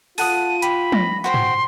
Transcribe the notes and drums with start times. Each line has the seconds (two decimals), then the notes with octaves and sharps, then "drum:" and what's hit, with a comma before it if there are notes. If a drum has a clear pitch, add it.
0.18 F4 A4 F#5 D#6 D#7, drum: open hi-hat
0.62 G4 B5, drum: hi-hat
0.92 A#6, drum: tom
1.24 F#4 C5 G5 C6
1.34 drum: tom